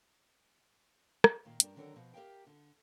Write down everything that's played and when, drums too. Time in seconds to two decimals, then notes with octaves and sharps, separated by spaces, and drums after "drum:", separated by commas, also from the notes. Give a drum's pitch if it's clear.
1.24 drum: rim click
1.45 A#2 D#3 A#3
1.60 G2 D4 A#4, drum: hi-hat
1.76 D3 D#3 F#3 D4 A4 A#4
1.96 B2 F3
2.14 G4 A#4 D5 E5 F5 G5
2.47 D3